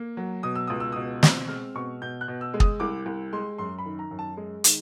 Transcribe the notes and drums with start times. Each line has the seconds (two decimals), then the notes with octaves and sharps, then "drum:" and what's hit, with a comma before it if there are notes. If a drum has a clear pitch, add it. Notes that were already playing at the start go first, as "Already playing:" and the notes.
Already playing: A#3
0.17 F#3
0.43 B2 D#6
0.55 E6
0.67 C#2 D#6
0.80 E6
0.92 B2 D#6
1.23 C4 E6, drum: snare
1.48 G#3 F6
1.75 B2 C#6
2.02 B2 G6
2.21 F#6
2.28 B2
2.41 E6
2.54 G#3
2.60 D#6, drum: kick
2.80 C2 D6
3.06 C2
3.33 G#3 C6
3.58 F#2 C6
3.78 B5
3.85 D#3
3.99 A#5
4.11 F#2
4.19 A5
4.37 G#3
4.64 D#3, drum: hi-hat